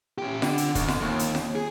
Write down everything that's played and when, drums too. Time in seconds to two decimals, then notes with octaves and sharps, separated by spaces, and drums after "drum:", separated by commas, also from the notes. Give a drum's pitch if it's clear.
0.18 C#4 G4
0.42 D3, drum: snare F4
0.58 drum: hi-hat
0.75 D2, drum: kick, hi-hat
0.88 drum: snare F4
1.01 D#2
1.19 drum: hi-hat
1.35 drum: snare F4
1.55 G#4